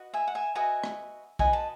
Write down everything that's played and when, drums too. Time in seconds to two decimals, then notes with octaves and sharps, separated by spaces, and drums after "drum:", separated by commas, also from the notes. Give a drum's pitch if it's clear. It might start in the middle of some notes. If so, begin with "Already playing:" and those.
Already playing: F#4 B4 D#5
0.14 E5 G#5
0.28 F#5
0.35 E5 G#5
0.55 F#4 B4 D#5 E5 G#5
0.84 drum: rim click
1.39 F#4 B4 D#5 G#5, drum: kick
1.53 A5